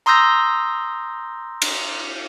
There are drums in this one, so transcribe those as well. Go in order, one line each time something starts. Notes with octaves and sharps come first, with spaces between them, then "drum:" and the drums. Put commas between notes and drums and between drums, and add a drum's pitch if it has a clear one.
A#5 C6 D#6 E6 G6 A#6
drum: cymbal